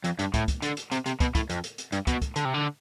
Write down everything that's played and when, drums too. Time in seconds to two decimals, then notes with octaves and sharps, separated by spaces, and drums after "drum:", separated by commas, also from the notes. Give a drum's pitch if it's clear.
0.04 F2, drum: hi-hat
0.19 G2, drum: hi-hat
0.34 A2, drum: kick, hi-hat
0.48 drum: kick, hi-hat
0.62 D3, drum: hi-hat
0.77 drum: hi-hat
0.91 C3, drum: hi-hat
1.06 C3, drum: hi-hat
1.20 B2, drum: kick, hi-hat
1.35 A2, drum: kick, hi-hat
1.50 F2, drum: hi-hat
1.64 drum: hi-hat
1.78 drum: hi-hat
1.92 G2, drum: hi-hat
2.07 B2, drum: kick, hi-hat
2.22 drum: kick, hi-hat
2.36 D3, drum: hi-hat
2.45 C3
2.54 D3